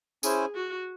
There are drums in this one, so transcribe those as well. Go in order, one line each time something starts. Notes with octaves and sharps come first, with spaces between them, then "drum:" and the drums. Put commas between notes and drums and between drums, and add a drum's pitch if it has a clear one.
C#4 E4 G#4 C5, drum: tambourine
F#4